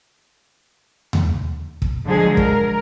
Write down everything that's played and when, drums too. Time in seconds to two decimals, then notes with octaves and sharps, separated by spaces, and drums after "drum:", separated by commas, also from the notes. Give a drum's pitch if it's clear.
1.13 drum: tom D#2
1.82 drum: kick
2.05 D3 F3 F#3 G#3 G#4
2.37 A#4, drum: kick